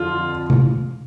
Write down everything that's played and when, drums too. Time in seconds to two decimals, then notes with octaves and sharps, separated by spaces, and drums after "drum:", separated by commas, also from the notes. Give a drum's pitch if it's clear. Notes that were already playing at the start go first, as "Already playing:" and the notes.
Already playing: F2 D3 F3 F4
0.50 drum: tom C3